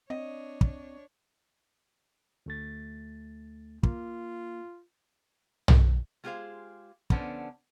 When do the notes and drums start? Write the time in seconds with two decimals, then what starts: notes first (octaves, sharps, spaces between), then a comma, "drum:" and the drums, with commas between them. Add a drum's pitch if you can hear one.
0.10 C4 D4 C#5 D#5
0.61 drum: kick
2.46 D2 A3 A6
3.83 A#3 F4, drum: kick
5.68 drum: tom
6.24 G#3 F4 G4 G#4 C5 F5
7.10 D3 F3 B3 C#4 D4 C5, drum: kick